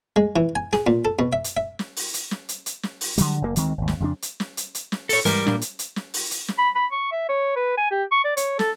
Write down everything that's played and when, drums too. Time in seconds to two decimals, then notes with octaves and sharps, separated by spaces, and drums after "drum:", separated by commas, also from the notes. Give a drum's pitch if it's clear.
0.16 G#3
0.36 E3
0.56 G#5
0.73 G#4, drum: snare
0.87 A#2
1.05 A4
1.19 B2
1.33 E5
1.44 drum: hi-hat
1.57 E5
1.79 drum: snare
1.96 drum: open hi-hat
2.14 drum: hi-hat
2.31 drum: snare
2.49 drum: hi-hat
2.66 drum: hi-hat
2.83 drum: snare
3.01 drum: open hi-hat
3.18 D3 F#3 G3, drum: hi-hat
3.42 F#1 F#2 B2 A#3
3.56 D2 D#3 G#3 C4, drum: hi-hat
3.78 G#1 D#2
3.88 drum: snare
4.00 F2 C#3 D4
4.22 drum: hi-hat
4.40 drum: snare
4.57 drum: hi-hat
4.75 drum: hi-hat
4.92 drum: snare
5.09 A4 C#5, drum: open hi-hat
5.25 G#2 E3 G3 A#4, drum: hi-hat
5.47 A#2 D4, drum: snare
5.61 drum: hi-hat
5.79 drum: hi-hat
5.96 drum: snare
6.14 drum: open hi-hat
6.31 drum: hi-hat
6.48 drum: snare
6.58 B5
6.75 B5
6.92 C#6
7.12 E5
7.29 C#5
7.56 B4
7.78 G#5
7.91 G4
8.12 C#6
8.25 D5
8.37 C#5, drum: hi-hat
8.59 A4, drum: snare